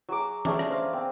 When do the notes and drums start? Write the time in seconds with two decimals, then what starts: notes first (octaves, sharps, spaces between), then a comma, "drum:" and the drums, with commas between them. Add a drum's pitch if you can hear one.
0.09 F#3 G#4 D6
0.45 A3 C#4 D4 G#4, drum: tom E3
0.59 drum: rim click
0.70 C5 F5 A#5
0.93 C4